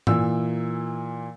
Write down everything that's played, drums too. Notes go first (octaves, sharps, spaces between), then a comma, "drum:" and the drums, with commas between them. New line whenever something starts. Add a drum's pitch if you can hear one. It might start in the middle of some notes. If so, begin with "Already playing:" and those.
A#2 E3 E6, drum: tom G#2